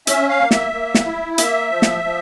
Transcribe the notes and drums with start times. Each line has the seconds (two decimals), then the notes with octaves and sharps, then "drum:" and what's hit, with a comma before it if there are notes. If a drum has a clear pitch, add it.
0.07 C#4 E5, drum: hi-hat
0.29 F5
0.40 A#3
0.51 E5, drum: snare
0.73 A#3
0.95 drum: snare
1.06 E4
1.38 A#3 E5, drum: hi-hat
1.71 F3
1.82 drum: snare
2.04 F3